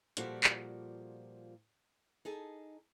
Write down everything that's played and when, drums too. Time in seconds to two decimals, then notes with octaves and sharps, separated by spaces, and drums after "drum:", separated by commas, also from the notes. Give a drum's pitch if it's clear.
0.17 A#2 F3 G3 F#4 G4 A4, drum: hi-hat
0.44 drum: clap
2.25 D#4 G#4 A4